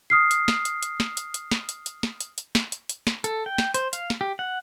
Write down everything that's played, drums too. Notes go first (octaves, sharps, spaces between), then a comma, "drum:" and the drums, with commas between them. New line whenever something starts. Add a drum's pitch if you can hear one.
D#6 F6 C7
drum: hi-hat
drum: snare
drum: hi-hat
drum: hi-hat
drum: snare
drum: hi-hat
drum: hi-hat
drum: snare
drum: hi-hat
drum: hi-hat
drum: snare
drum: hi-hat
drum: hi-hat
drum: snare
drum: hi-hat
drum: hi-hat
drum: snare
A4, drum: hi-hat
G5
drum: snare
C5, drum: hi-hat
F5, drum: hi-hat
drum: snare
G4
F#5